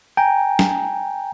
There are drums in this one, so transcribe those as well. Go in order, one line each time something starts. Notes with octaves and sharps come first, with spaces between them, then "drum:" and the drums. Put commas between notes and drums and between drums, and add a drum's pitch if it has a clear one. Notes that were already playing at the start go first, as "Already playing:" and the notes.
G5 G#5 A#5
drum: snare